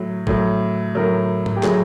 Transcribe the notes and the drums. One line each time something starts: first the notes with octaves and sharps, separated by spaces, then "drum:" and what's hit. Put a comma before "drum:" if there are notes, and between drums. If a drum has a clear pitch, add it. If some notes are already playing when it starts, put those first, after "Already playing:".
Already playing: A2 F#3
A2 F#3, drum: kick G#1
A2 F#3 A#4
drum: tom G#2
G4
A2 F#3 G#4, drum: clap